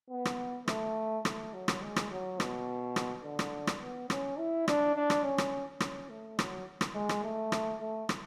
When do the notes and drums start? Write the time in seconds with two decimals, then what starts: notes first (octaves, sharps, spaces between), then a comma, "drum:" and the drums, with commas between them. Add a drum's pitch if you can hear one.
0.11 B3
0.25 drum: rim click
0.68 A3, drum: rim click
1.25 A3, drum: rim click
1.54 F#3
1.68 drum: rim click
1.82 G#3
1.96 drum: rim click
2.11 F#3
2.40 B2, drum: rim click
2.96 drum: rim click
3.24 D3
3.39 drum: rim click
3.67 drum: rim click
3.82 B3
4.10 C#4, drum: rim click
4.38 E4
4.68 D4, drum: rim click
4.96 D4
5.10 drum: rim click
5.24 C#4
5.38 drum: rim click
5.80 C#4, drum: rim click
6.10 A3
6.39 F#3, drum: rim click
6.81 drum: rim click
6.95 G#3
7.09 drum: rim click
7.24 A3
7.52 drum: rim click
7.81 A3
8.09 drum: rim click